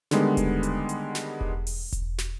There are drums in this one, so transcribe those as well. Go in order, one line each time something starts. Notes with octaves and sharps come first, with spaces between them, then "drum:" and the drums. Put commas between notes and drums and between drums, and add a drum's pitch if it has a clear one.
D3 D#3 G3 G#3 B3, drum: snare
drum: kick E1, hi-hat
drum: hi-hat
drum: hi-hat
drum: snare
drum: kick E1
drum: open hi-hat
drum: kick E1, hi-hat
drum: snare